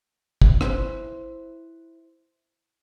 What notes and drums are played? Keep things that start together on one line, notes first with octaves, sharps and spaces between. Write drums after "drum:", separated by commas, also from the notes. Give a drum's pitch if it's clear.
drum: kick
E4 B4 C5, drum: rim click